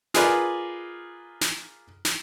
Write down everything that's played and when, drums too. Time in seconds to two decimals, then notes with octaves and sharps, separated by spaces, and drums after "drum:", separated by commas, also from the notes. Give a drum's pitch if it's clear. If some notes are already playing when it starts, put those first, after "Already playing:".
0.14 F4 G#4 A#4 B4 D5, drum: snare
1.41 drum: snare
2.05 drum: snare